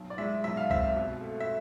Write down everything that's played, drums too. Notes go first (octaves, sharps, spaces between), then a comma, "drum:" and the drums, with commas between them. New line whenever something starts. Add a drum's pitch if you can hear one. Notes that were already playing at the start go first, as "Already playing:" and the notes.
Already playing: B1
D5
G#3 E5
B1 E5
F5
C4 E5, drum: kick C2
B2
A3
E5